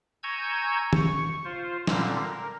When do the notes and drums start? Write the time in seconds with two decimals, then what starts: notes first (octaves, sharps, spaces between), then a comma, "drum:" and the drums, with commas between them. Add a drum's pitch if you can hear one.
0.23 G#5 A#5 C#6 E6 G6 G#6
0.93 C#6, drum: tom
1.45 F4 C5
1.87 A#2 D3 G3 C4, drum: snare
2.22 A#4